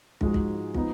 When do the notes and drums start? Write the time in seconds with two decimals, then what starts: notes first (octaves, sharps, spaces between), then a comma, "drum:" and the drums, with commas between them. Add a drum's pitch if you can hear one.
0.21 G#2 F3 G#3 D#4 F#4, drum: kick
0.34 drum: kick
0.74 F3 B3 D#4, drum: kick